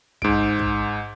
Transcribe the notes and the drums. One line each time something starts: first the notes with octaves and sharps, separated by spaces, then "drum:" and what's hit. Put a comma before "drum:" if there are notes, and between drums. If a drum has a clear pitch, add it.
G#2 D7, drum: kick
drum: kick